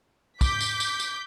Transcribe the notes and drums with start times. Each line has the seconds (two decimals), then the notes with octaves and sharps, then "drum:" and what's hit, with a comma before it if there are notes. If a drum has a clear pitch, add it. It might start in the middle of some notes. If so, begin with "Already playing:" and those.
0.41 D6 G6 B6, drum: kick, tambourine
0.61 drum: tambourine
0.80 drum: tambourine
1.00 drum: tambourine